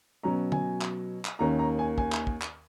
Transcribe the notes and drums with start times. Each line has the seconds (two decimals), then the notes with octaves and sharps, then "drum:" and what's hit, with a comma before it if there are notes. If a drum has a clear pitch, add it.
0.23 B2 F#3 C#4 A#5
0.52 G#5, drum: tom
0.81 drum: clap
1.25 drum: clap
1.39 D#2 D#3 A#3 C#4 A#5
1.59 A#5
1.79 G#5
1.98 G#5, drum: kick
2.12 drum: clap
2.27 drum: kick
2.41 drum: clap